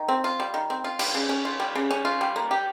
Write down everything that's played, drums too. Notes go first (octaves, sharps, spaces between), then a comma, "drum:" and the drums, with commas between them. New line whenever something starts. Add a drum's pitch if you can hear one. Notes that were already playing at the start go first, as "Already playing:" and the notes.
Already playing: D#3
C4
F4
G3
D#3
C4
F4
G3, drum: cymbal
C#3
C#4
F4
G3
C#3
C#4
F4
G3
A#3
G4